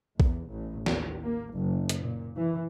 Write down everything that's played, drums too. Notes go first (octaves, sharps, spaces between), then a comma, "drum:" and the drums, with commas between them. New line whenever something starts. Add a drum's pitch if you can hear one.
E2, drum: kick
A1
D#2, drum: snare
A#3
F#1
drum: hi-hat
A#2
E3